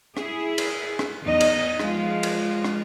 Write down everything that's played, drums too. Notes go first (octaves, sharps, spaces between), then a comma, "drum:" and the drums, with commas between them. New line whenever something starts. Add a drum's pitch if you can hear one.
E4 G#4, drum: rim click
drum: cymbal
drum: rim click
E2 D#4 D#5
drum: cymbal
F3 G#3 F4, drum: rim click
drum: cymbal
drum: rim click